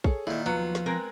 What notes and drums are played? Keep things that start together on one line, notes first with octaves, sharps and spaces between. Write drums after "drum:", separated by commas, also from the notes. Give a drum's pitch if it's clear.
G#4 A4 C#5, drum: kick
A#2 D#3 E4
D#2 F3 F#3 B3 F4 C#7
drum: snare
G#3 C4 A#4 F#6 G#6 A#6